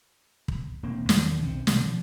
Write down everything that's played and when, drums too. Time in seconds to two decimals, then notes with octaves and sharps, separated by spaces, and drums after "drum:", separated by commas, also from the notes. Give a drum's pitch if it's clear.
0.48 drum: kick
0.83 E1 A#3 C4
1.09 E2 D#3 F#3 A#3, drum: snare
1.42 B1 C4 C#4
1.67 G2 B2 D3 D#3, drum: snare
1.86 F3